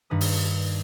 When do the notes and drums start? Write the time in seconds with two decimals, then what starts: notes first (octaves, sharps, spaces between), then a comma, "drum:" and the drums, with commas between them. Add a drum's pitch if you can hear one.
0.10 G2 D#3 B4 D#6
0.21 drum: open hi-hat